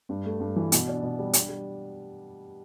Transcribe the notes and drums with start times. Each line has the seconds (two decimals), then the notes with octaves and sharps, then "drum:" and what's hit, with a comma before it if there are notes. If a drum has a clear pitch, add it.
0.09 G2
0.25 A3
0.40 G2
0.56 E3
0.72 B2, drum: hi-hat
0.88 D4
1.03 B2
1.19 G3
1.33 D4, drum: hi-hat
1.49 G3